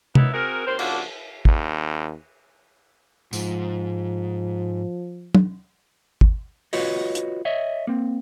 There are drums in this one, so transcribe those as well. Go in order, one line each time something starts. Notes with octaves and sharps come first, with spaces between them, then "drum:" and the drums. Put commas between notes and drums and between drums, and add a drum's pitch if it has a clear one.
F#2 B3 D#4 E4, drum: tom C3
C4 F#4 G#4 A#4
D#2 C4 A#4 C5
C#3 F3 A#3 D4 E4 F#4, drum: cymbal
D#2, drum: kick
G#2 F3, drum: tambourine
drum: tom
drum: kick
F4 F#4 B4 C#5 D#5, drum: open hi-hat
drum: hi-hat
C#5 D#5 E5
A#3 C4